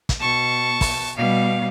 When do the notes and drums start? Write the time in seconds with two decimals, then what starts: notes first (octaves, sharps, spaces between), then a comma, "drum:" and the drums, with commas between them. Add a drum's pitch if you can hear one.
0.09 drum: kick, hi-hat
0.20 B2 A5 C#6
0.81 drum: kick, open hi-hat
1.17 B2 G3 F5